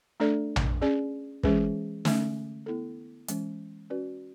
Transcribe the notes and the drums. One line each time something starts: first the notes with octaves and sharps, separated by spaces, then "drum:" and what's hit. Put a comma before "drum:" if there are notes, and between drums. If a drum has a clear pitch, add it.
A3 D4 A4 D5
drum: tom A#1
C#4 G#4 D5
E3 G#3 C#4 G#4 B4, drum: kick
D3 A3 C#4, drum: snare
B3 E4 A4
E3 G#3 C#4, drum: hi-hat
C#4 F#4 B4 D5